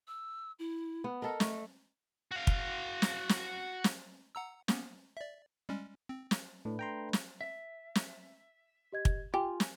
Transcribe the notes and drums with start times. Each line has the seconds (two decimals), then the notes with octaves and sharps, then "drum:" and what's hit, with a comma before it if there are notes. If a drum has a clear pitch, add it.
0.08 E6
0.59 E4
1.04 B3
1.22 A4 A#4 D#5
1.40 A3, drum: snare
2.31 F#4 F5
2.47 drum: kick
3.02 drum: snare
3.29 drum: snare
3.84 drum: snare
4.35 F#5 A#5 E6
4.68 A#3 B3 C#4, drum: snare
5.17 D5 E5
5.69 G3 G#3 C#4
6.09 C4
6.31 drum: snare
6.65 A2 A3 D4 B4
6.79 G5 A#5 C6
7.13 drum: snare
7.41 E5
7.95 drum: snare
8.92 G4 D#5 G#6
9.05 drum: kick
9.34 F4 G4 G#5
9.60 drum: snare